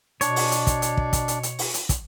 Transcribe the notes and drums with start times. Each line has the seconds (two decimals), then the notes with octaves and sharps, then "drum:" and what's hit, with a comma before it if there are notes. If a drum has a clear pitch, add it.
0.21 B2 D4 C#5, drum: hi-hat
0.36 drum: open hi-hat
0.51 drum: hi-hat
0.67 drum: kick, hi-hat
0.82 drum: hi-hat
0.97 drum: kick
1.13 drum: kick, hi-hat
1.28 drum: hi-hat
1.43 drum: hi-hat
1.59 drum: open hi-hat
1.74 drum: hi-hat
1.89 drum: kick, hi-hat